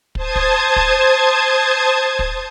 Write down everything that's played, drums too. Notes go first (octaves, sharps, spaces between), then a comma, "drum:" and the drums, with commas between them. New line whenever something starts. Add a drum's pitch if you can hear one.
C5 A5 D#6 G#6, drum: kick
drum: kick
drum: kick
drum: kick